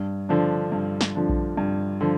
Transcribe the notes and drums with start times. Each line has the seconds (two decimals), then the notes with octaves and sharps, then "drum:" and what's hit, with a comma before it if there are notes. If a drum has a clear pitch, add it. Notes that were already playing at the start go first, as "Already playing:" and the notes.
Already playing: G2
0.29 D3 F3 D4
0.72 G2
1.01 drum: snare
1.15 D3 F3 D4
1.29 drum: kick A#1
1.57 G2
2.01 D3 F3